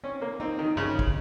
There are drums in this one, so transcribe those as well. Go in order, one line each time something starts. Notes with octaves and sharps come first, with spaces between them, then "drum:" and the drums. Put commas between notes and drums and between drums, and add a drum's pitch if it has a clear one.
C4 C#4
A#3
C4 D#4
D#3
C#3 D#4, drum: tom G2
drum: kick